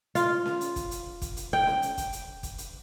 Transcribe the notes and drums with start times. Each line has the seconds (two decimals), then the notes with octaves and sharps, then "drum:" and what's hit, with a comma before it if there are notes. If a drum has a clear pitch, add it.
0.15 F4, drum: hi-hat
0.46 drum: snare C#4
0.61 drum: hi-hat
0.76 drum: kick, hi-hat
0.91 drum: hi-hat
1.22 drum: kick, hi-hat
1.37 drum: hi-hat
1.53 G5
1.67 drum: snare C#4
1.82 drum: hi-hat
1.97 drum: kick, hi-hat
2.13 drum: hi-hat
2.43 drum: kick, hi-hat
2.58 drum: hi-hat